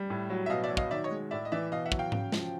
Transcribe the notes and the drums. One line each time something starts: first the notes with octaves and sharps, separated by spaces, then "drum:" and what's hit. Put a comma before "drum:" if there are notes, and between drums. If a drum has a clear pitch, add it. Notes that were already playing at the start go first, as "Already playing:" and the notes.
Already playing: G3
A2
F#3
E5
B2 D#5 F5
D5 E5
F#3
D#5 F5, drum: kick
D#3 D5 E5
C#5 D#5
G#3
A2 D5 E5
D#5
E3 D5 E5
B2 D#5 F5
E5 F#5
F#3, drum: kick
F5 G5
C#3, drum: tom G#2
F3, drum: snare